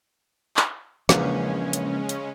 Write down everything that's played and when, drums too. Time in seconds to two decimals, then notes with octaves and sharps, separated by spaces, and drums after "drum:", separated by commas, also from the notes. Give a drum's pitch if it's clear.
0.57 drum: clap
1.09 A#1 E2 C#3 F3 G#3 A#3 C#4, drum: snare
1.73 drum: hi-hat
2.09 drum: hi-hat